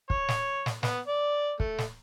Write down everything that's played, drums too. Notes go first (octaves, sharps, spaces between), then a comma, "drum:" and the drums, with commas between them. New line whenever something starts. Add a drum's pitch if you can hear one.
C#5, drum: kick
drum: snare
drum: snare
B3, drum: snare
D5
A3, drum: kick
drum: snare